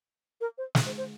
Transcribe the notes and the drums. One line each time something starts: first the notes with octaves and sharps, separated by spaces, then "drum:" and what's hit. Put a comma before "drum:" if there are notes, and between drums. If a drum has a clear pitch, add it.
A#4
C5
drum: snare
C5
C5